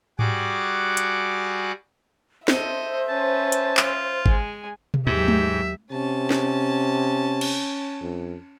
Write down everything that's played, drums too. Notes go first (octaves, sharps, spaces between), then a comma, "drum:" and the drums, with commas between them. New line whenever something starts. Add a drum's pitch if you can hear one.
G3 F#4 G#4 F#5 D6, drum: tom G#2
drum: hi-hat
A4 C5 D#5 E5, drum: snare
C#4 B4 A5
drum: hi-hat
F4, drum: clap
G#3 G#5, drum: kick G#1
drum: tom B2
D#2 G#2 F#3 G4 E5
drum: tom G#3
C3 C#4 A5
drum: snare
drum: cymbal
F2